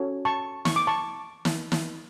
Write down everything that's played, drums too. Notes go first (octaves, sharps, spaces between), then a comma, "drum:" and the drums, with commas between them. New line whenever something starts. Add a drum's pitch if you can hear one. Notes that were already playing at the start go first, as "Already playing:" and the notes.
Already playing: C#4 F#4 A4 C#5
A5 C#6
C#6, drum: snare
D6
A5 C#6
drum: snare
drum: snare